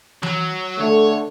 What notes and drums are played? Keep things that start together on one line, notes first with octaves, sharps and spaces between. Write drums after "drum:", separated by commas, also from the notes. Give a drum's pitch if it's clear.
F#3, drum: tom E3
D3 A3 C#5